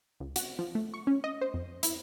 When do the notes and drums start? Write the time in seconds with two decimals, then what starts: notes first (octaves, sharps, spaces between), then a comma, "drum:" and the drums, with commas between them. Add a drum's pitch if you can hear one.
0.20 C#2
0.36 F#4, drum: hi-hat
0.59 F3
0.75 A3
0.94 C#6
1.07 C#4
1.24 D#5
1.41 C5
1.54 F2
1.83 E4, drum: hi-hat